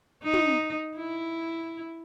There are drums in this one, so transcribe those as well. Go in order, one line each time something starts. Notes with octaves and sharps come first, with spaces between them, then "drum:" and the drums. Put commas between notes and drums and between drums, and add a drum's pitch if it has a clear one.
D#4
drum: tom
E4